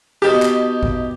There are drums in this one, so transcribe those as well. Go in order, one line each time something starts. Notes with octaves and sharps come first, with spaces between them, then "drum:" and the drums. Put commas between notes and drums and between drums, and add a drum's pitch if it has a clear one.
B2 D#4 G4 A5
drum: clap
drum: kick G#1